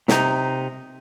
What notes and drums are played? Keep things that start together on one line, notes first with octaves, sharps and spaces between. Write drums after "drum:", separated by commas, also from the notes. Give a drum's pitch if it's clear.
C3 D#4, drum: snare